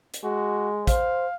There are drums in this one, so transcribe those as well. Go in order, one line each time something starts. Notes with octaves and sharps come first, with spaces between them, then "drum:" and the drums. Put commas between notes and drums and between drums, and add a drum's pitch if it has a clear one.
drum: hi-hat
G#3 F#4
C5 F5, drum: kick, hi-hat